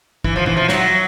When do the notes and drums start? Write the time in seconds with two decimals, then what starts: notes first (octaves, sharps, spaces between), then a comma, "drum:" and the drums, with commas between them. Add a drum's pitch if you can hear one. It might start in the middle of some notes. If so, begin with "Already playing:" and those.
0.24 E3, drum: kick
0.36 F3
0.46 E3, drum: tom A#2
0.57 F3
0.69 F#3, drum: snare